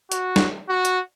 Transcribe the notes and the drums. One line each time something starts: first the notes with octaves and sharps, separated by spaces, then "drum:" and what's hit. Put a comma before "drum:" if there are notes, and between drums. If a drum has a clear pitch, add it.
F#4, drum: hi-hat
drum: snare
F#4
drum: hi-hat